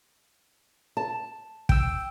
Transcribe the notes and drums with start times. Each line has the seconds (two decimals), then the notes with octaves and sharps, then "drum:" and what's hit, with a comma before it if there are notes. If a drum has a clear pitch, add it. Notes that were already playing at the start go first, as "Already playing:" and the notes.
0.97 A5
1.69 G5 E6, drum: kick